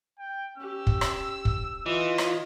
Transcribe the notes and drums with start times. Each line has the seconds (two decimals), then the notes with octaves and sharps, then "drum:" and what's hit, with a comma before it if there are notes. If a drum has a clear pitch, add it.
0.19 G5
0.57 C#4 G4 E6
0.87 drum: kick
1.01 drum: rim click
1.45 drum: kick
1.86 E3 F4 D#5
2.18 drum: rim click